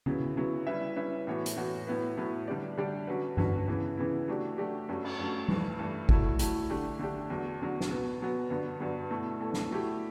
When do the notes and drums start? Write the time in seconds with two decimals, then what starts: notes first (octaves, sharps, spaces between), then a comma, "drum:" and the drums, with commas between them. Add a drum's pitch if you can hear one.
0.06 C#3 F#3 B3 E4, drum: tom D3
0.36 C#3 F#3 B3 E4
0.67 G3 C#4 E4 B4 E5
0.96 G3 C#4 E4 B4 E5
1.27 A2 E3 B3 F#4 C#5
1.46 drum: hi-hat
1.57 A2 E3 B3 F#4 C#5
1.87 A2 F#3 B3 E4 B4
2.17 A2 F#3 B3 E4 B4
2.47 D3 G3 D4 G4 D5
2.78 D3 G3 D4 G4 D5
3.07 D3 F#3 C#4 F#4 B4
3.37 D3 F#3 C#4 F#4 B4, drum: tom G2
3.68 C#3 E3 B3 E4
3.97 C#3 E3 B3 E4
4.28 F#3 A3 D4 G4
4.58 F#3 A3 D4 G4
4.89 G2 F#3 A3 C#4
5.04 drum: cymbal
5.19 G2 F#3 A3 C#4
5.48 G2 E3 A3, drum: tom G3
5.79 G2 E3 A3
6.09 F#3 A3 E4 A4, drum: kick G#1
6.39 F#3 A3 E4 A4, drum: hi-hat
6.69 D3 A3 D4 G4
6.99 D3 A3 D4 G4
7.30 E2 D3 F#3
7.60 E2 D3 F#3
7.80 drum: snare
7.90 B2 F#3 B3
8.20 B2 F#3 B3
8.50 G2 D3 F#3 B3
8.80 G2 D3 F#3 B3
9.10 B2 A3 E4 A4
9.40 B2 A3 E4 A4
9.53 drum: snare
9.71 F#3 A3 E4 G4